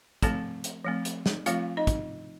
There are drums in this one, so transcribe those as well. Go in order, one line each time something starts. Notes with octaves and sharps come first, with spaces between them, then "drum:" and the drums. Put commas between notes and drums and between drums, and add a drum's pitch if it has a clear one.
F3 A3 C4 A4 A5, drum: kick, hi-hat
drum: hi-hat
F3 A3 C4
drum: hi-hat
drum: snare
F3 A3 C4 F4 F5, drum: hi-hat
D#4 D#5
drum: kick, hi-hat